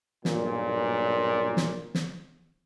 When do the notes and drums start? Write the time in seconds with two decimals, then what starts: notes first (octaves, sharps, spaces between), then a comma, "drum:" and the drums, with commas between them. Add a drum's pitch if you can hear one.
0.25 B1 G2 A#2, drum: snare
1.57 drum: snare
1.95 drum: snare